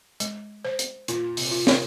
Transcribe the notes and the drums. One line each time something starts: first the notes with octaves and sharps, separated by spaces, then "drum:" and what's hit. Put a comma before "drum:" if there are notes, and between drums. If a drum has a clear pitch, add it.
G#3, drum: hi-hat
C5
drum: hi-hat
A#2 F4, drum: hi-hat
C3, drum: open hi-hat
F4
D#3, drum: snare